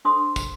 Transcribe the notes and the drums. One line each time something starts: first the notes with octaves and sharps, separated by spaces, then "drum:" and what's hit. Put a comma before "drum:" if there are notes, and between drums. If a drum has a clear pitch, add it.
D4 A4 C5 C6 D#6
drum: kick, tambourine